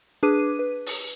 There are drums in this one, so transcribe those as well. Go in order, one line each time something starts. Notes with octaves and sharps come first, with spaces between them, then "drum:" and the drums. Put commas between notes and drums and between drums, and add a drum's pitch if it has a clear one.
D4 G#4 B4 D6 D#7
B4
drum: open hi-hat